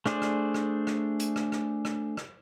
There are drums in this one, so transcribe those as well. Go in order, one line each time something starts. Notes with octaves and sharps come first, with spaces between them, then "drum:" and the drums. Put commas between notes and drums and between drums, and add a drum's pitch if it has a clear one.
A3 D4 G#4 C5 D5, drum: rim click
drum: rim click
drum: rim click
drum: rim click
drum: hi-hat
drum: rim click
drum: rim click
drum: rim click
drum: rim click